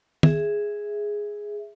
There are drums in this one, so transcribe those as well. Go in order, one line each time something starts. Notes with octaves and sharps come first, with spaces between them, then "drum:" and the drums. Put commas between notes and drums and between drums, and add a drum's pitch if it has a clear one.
G#4 E5, drum: tom